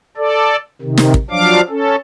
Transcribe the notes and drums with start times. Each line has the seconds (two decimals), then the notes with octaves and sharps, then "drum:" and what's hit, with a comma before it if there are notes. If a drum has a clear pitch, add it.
0.17 A4 D5
0.82 C3 D#3
0.97 drum: snare
1.14 drum: kick
1.30 F3 F#3 D4 F5 D6
1.69 C#4 A4